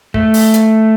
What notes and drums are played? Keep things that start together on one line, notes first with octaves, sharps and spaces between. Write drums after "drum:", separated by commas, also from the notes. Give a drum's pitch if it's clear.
A3, drum: kick
drum: open hi-hat
drum: hi-hat